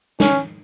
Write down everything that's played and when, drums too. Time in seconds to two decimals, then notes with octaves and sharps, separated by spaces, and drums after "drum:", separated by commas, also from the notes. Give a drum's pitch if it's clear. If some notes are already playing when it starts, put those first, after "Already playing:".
0.20 C#4, drum: snare